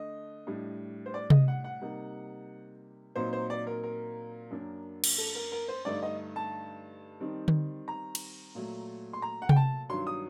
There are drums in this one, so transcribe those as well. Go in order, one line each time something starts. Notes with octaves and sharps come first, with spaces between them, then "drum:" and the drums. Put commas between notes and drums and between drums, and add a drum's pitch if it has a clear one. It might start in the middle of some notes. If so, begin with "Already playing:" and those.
Already playing: D3 A3 D#5
A2 G3 D4
C5
D5
D#5, drum: tom C3
F#5
F#5
C3 G3 A#3 D#4
A#2 F#3 C4 D#4 C5
C5
D5
A#4
A#4
F#2 F#3 A#3 D4
drum: cymbal
A4
A#4
A#4
C5
G2 D3 A3 D#4 D5
D#5
A5
D#3 G3 C4 D#4
drum: tom D3
A#5
drum: cymbal
A#2 F#3 A3
C6
A#5
F#5
G5, drum: tom C3
A5
G2 D#3 F#3 C6
D#6